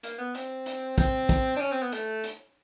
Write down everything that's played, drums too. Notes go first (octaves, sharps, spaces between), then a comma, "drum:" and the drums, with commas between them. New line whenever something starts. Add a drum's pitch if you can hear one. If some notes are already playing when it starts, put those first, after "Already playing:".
A#3, drum: hi-hat
B3
C4, drum: hi-hat
drum: hi-hat
C4, drum: kick, hi-hat
drum: kick, hi-hat
D4
C#4
C4
B3
A3, drum: hi-hat
drum: hi-hat